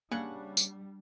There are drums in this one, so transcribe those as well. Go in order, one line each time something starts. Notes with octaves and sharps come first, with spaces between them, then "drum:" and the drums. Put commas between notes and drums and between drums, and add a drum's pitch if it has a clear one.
C#3 G3 A#3 D4 F#5 C#6
drum: tambourine